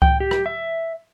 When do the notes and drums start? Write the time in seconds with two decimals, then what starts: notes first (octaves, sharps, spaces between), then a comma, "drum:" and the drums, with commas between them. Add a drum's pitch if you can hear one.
0.02 G5, drum: kick C#2
0.20 G4
0.31 drum: rim click
0.46 E5